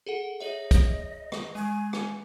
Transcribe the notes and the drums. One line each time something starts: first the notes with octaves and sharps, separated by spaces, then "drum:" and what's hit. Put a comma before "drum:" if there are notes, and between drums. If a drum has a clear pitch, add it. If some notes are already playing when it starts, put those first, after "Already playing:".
G#4 A4 F#5
G#4 C#5 D#5 E5
drum: kick, hi-hat
drum: rim click
G#3 G#5
drum: rim click